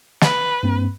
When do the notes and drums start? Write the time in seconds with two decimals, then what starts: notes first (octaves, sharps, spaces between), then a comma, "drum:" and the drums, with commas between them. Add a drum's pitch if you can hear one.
0.21 B4, drum: snare
0.63 G2 A#3 C4